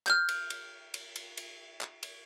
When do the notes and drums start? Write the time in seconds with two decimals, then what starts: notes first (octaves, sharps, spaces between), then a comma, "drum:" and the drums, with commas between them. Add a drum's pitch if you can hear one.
0.07 F6 G6, drum: clap
0.29 drum: cymbal
0.50 drum: cymbal
0.94 drum: cymbal
1.16 drum: cymbal
1.37 drum: cymbal
1.81 drum: clap
2.03 drum: cymbal